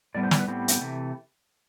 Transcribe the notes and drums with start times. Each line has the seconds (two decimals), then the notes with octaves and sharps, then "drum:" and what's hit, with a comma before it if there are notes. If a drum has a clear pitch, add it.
0.15 A2 G3 B3 D5
0.23 C5
0.31 D5, drum: snare
0.39 B4
0.48 A2 G3 B3 C4
0.68 drum: hi-hat
0.81 C3 E3 A3